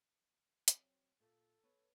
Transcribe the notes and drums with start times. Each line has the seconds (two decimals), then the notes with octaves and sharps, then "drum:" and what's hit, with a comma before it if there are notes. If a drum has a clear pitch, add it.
0.68 F#3 C4, drum: hi-hat
1.20 A#2 A4
1.63 B3 B4 C#5